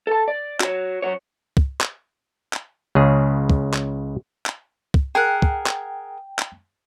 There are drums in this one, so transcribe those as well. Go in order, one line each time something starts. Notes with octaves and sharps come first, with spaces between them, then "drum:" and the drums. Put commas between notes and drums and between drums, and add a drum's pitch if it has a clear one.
A4 A5
D5
F#4 C#5, drum: clap
F#2 F#4 C#5
drum: kick
drum: clap
drum: clap
C#2 C#3 G#4
drum: kick
drum: clap
drum: clap
drum: kick
G#4 A#4 F#5 G5
drum: kick
drum: clap
drum: clap